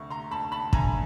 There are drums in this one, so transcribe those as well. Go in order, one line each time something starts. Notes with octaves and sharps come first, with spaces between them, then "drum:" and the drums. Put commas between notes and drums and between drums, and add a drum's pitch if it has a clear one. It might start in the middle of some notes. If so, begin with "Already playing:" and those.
Already playing: D2 C3 C#6
A#5 C6
D2 A5 B5
A5 B5
D2 G#5 A#5, drum: kick